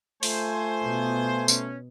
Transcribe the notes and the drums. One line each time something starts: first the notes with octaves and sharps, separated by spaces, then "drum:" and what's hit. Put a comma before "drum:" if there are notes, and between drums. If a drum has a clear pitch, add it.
A3 F4 C5 G#5, drum: open hi-hat
B2 B3
C#4, drum: tambourine